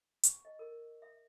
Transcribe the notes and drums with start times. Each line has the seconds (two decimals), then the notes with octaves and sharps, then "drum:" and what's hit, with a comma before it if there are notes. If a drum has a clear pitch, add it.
0.24 C#6, drum: hi-hat
0.45 D#5
0.59 A#4
1.02 E5